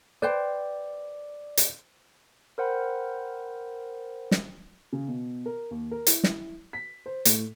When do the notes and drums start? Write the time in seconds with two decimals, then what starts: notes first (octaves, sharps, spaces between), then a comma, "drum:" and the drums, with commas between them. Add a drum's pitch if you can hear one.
0.22 B4 C5 D5 G5
1.57 drum: hi-hat
2.58 A#4 C5 F#5 G5 B5
4.31 drum: snare
4.93 C#3
5.08 B2
5.46 A#4
5.71 D#2
5.91 A#4
6.07 E4, drum: hi-hat
6.24 drum: snare
6.73 B6
7.06 C5
7.25 A2, drum: hi-hat